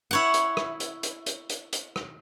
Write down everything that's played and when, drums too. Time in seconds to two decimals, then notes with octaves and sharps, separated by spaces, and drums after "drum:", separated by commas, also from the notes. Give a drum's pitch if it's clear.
0.11 E4 C#5 F#5
0.34 drum: hi-hat
0.57 drum: rim click
0.80 drum: hi-hat
1.03 drum: hi-hat
1.26 drum: hi-hat
1.50 drum: hi-hat
1.73 drum: hi-hat
1.96 drum: rim click